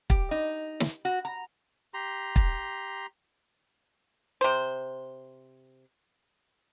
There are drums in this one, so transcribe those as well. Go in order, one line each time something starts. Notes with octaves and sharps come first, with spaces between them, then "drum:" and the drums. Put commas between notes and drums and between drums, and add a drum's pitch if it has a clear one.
G4, drum: kick
D#4
drum: snare
F#4
A#5
G4 A#5 C6
drum: kick
C3 C5